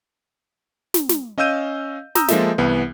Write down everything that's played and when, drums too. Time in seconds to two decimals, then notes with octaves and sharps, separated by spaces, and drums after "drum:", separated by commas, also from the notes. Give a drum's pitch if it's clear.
0.94 drum: snare
1.09 drum: snare
1.38 C#4 D#5 F5 E6 G6 D#7
2.15 A#5 D#6 E6 G6, drum: snare
2.28 F3 G#3 A#3 A4 D#5 E5, drum: snare
2.58 C2 E3 B3